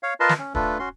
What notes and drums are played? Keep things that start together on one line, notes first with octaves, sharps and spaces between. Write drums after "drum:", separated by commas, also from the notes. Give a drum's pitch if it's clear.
C#5 F5
F4 A#4 B4 D#5 A5 C6
drum: snare
C#4
A3 D4 F4 A4 B4, drum: kick
C#4 F#4 C6